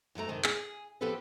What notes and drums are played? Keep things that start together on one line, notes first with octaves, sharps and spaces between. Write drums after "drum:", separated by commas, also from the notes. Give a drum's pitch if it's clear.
F#2 F#3 A3 A#5
F#2 C3 D#3 D4
G#4, drum: clap
F3 B3 C4 G4 A4 B4